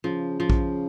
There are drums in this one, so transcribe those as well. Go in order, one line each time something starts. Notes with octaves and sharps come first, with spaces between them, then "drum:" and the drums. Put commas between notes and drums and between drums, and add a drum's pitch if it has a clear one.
C#3 F3
F3
drum: kick